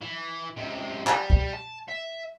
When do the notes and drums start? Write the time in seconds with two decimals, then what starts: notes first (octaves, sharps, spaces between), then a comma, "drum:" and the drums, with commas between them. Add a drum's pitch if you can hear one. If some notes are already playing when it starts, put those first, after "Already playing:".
0.02 E3
0.57 C#2 C3
1.07 G3, drum: clap
1.30 drum: kick
1.53 A5
1.88 E5